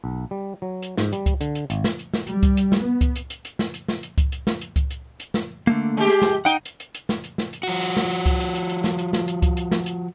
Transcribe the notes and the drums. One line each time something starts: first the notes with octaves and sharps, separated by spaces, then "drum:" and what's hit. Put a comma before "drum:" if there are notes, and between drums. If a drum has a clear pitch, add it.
B1
G3
F#3
drum: hi-hat
G#2, drum: snare
G3, drum: hi-hat
drum: kick C#2, hi-hat
D3, drum: hi-hat
drum: hi-hat
G#1, drum: hi-hat
drum: snare
drum: hi-hat
drum: snare
G3, drum: hi-hat
drum: kick C#2, hi-hat
drum: hi-hat
drum: snare
B3
drum: kick C#2, hi-hat
drum: hi-hat
drum: hi-hat
drum: hi-hat
drum: snare
drum: hi-hat
drum: snare
drum: hi-hat
drum: kick C#2, hi-hat
drum: hi-hat
drum: snare
drum: hi-hat
drum: kick C#2, hi-hat
drum: hi-hat
drum: hi-hat
drum: snare
D3 A3 A#3
G#3 G4
G#4, drum: hi-hat
drum: snare
D#4 F#5 G5
drum: hi-hat
drum: hi-hat
drum: hi-hat
drum: snare
drum: hi-hat
drum: snare
drum: hi-hat
F3 F#4
drum: hi-hat
drum: snare
drum: hi-hat
drum: kick C#2, hi-hat
drum: hi-hat
drum: hi-hat
drum: hi-hat
drum: snare
drum: hi-hat
drum: snare
drum: hi-hat
drum: kick C#2, hi-hat
drum: hi-hat
drum: snare
drum: hi-hat